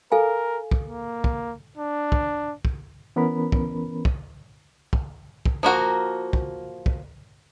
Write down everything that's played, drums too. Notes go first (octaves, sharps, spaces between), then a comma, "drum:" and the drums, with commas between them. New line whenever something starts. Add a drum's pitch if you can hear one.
A4 A#4 F5 G#5
drum: kick
A#3
drum: kick
D4
drum: kick
drum: kick
E3 B3 C#4 A#4 B5
drum: kick
drum: kick
drum: kick
drum: kick
F3 A#3 F#4 A#4
drum: kick
drum: kick